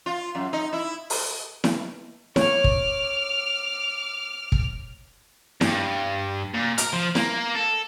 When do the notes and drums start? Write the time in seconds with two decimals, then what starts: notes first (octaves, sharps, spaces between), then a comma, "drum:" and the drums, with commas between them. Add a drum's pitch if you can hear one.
0.06 F4
0.35 F#2
0.53 D#4
0.73 E4
1.10 drum: open hi-hat
1.64 drum: snare E4
2.36 C#5 D6 F6, drum: snare E4
2.64 drum: kick
4.52 drum: kick
5.61 G2, drum: snare E4
6.54 A#2
6.78 A#4, drum: hi-hat
6.93 F3
7.15 A#3, drum: snare E4
7.55 A4